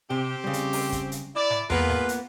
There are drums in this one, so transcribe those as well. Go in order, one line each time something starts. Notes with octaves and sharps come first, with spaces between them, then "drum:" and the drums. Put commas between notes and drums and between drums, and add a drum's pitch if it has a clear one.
C3 C4 G4
C#3 G3
drum: hi-hat
drum: open hi-hat
drum: kick, hi-hat
drum: hi-hat
E4 D5
drum: snare G#2
A#3 B3 F4 G#4 A#4 B4, drum: tom E2
drum: snare G#2
drum: hi-hat